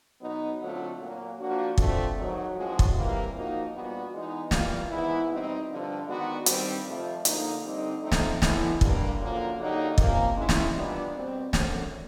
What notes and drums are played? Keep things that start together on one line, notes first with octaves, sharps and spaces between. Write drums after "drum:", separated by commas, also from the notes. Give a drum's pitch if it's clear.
B2 F#3 B3 D#4
D3 F#3 A3 C4 F4
A#2 F#3 A#3
F3 A#3 D4 F#4
D3 F3 A3 C4, drum: kick
G#2 D#3 F#3
A2 F3 G#3 C#4 F#4
drum: kick
C3 E3 G3 A#3
F3 A#3 D#4 F#4
A#2 G3 B3 D4 F#4
E3 G#3 B3 D#4
E3 G3 A#3 D4 F4, drum: snare
G#2 E3 G#3 B3 E4
B2 G3 C4 D#4
G2 D3 F3
D#3 G#3 B3 D4 F#4
G2 D#3 G3 C4, drum: hi-hat
F2 C3 F3 A3
D3 F3 A#3 D#4, drum: hi-hat
D3 G3 C4 D#4
F3 A3 C4 D#4
drum: snare
A2 E3 G#3 B3 E4, drum: snare
G2 D3 G3 A#3, drum: kick
F#2 D3 F3 A#3
D3 F#3 A#3 D#4 G4
C3 F3 A#3 C#4, drum: kick
D#3 G#3 C#4 E4
drum: snare
A#2 G3 B3 D4
B2 G3 C4
F#2 D3 F#3 A3 C4, drum: snare